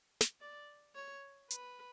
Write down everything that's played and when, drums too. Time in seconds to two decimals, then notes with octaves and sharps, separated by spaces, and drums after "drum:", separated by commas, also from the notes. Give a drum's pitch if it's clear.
0.21 drum: snare
0.41 D5
0.96 C#5
1.50 B4, drum: hi-hat